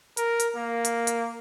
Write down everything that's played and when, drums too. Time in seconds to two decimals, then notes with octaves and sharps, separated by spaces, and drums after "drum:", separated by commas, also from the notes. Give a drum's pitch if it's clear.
0.17 A#4, drum: hi-hat
0.40 drum: hi-hat
0.56 A#3
0.85 drum: hi-hat
1.07 drum: hi-hat